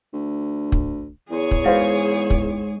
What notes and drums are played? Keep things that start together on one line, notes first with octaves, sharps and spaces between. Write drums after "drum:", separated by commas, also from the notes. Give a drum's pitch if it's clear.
D2
drum: kick
E2 G#4 C#5
drum: kick
G#2 B4 C5 F5
drum: kick